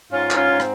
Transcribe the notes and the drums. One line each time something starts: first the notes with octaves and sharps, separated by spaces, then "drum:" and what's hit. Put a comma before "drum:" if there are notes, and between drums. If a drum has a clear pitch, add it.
G#2 C#4 F4
G#2, drum: clap
C#4 F4
G#2
C4, drum: rim click